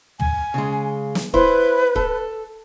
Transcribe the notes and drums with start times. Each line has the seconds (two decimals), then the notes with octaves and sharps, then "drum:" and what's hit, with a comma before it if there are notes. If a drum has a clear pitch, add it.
0.20 G#5, drum: tom
0.54 C#3 G#3
1.15 drum: snare
1.34 E4 B4 C5, drum: kick C#1
1.96 A4, drum: kick C#1